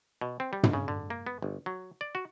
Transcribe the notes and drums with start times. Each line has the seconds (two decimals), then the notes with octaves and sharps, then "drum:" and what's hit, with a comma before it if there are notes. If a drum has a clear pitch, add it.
0.21 B2
0.40 C4
0.53 G3
0.63 drum: tom
0.73 C#3
0.88 D3
1.10 A#3
1.27 B3
1.42 G1
1.66 F#3
2.01 D5
2.15 F#4